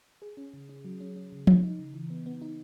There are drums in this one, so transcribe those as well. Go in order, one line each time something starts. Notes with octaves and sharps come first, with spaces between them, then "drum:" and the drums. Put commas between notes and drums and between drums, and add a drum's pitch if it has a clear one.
G#4
C#4
C#3
C#4
F#3
C#4
C#4
C#3
D#4, drum: tom F3
D#4
C#3
E3
B3
B3
D#4